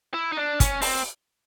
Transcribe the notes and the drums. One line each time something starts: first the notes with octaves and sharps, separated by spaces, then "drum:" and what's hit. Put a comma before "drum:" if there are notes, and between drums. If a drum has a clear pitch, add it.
E4
D#4
D4
C#4, drum: kick, hi-hat
C4, drum: open hi-hat